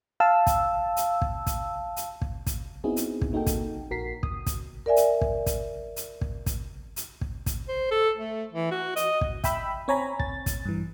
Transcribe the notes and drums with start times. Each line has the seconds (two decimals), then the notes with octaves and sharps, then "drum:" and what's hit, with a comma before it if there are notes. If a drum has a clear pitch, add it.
0.20 F5 A5 E6
0.47 drum: kick, hi-hat
0.97 drum: hi-hat
1.22 drum: kick
1.47 drum: kick, hi-hat
1.97 drum: hi-hat
2.22 drum: kick
2.46 drum: kick, hi-hat
2.84 B3 C4 D#4 E4 F#4 G#4
2.96 drum: hi-hat
3.21 drum: kick
3.33 A#3 D#4 F#4 A4 G5
3.46 drum: kick, hi-hat
3.91 A#1 F#4 A#4 B6 C7
4.23 D#6, drum: kick
4.46 drum: kick, hi-hat
4.86 A#4 D5 E5 G#5
4.96 drum: hi-hat
5.21 drum: kick
5.46 drum: kick, hi-hat
5.96 drum: hi-hat
6.21 drum: kick
6.46 drum: kick, hi-hat
6.96 drum: hi-hat
7.21 drum: kick
7.46 drum: kick, hi-hat
7.69 C5
7.91 A4
8.17 A3
8.53 E3
8.71 F#4
8.96 D#5, drum: hi-hat
9.21 drum: kick
9.44 E5 G5 B5 E6, drum: kick, hi-hat
9.88 C4 C#5 G#5 A#5 B5
10.20 A6, drum: kick
10.46 drum: kick, hi-hat
10.65 G2 E3